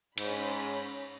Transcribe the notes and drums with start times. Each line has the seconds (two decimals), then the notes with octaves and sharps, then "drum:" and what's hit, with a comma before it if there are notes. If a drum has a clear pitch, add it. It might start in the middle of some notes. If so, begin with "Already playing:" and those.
0.18 G#2 C#4 B5, drum: cymbal